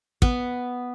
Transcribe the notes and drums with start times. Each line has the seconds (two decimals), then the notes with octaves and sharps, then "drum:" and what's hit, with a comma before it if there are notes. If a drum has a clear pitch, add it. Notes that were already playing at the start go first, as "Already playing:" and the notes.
0.22 B3, drum: kick